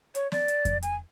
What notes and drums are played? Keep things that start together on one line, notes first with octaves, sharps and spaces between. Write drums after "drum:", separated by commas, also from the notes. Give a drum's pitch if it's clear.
C#5, drum: hi-hat
D5, drum: snare
drum: hi-hat
drum: kick F2, hi-hat
G#5, drum: hi-hat